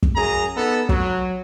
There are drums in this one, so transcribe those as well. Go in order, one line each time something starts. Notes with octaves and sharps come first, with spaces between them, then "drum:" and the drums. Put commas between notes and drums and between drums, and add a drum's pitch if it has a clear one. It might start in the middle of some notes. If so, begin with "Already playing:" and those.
drum: kick
F#2 G#4 A#5
B3 D#4 A4
F#3, drum: kick